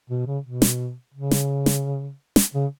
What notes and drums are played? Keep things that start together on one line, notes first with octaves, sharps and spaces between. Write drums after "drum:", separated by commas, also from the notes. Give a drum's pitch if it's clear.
B2
C#3
B2
drum: snare
C#3
drum: snare
drum: snare
drum: snare
C#3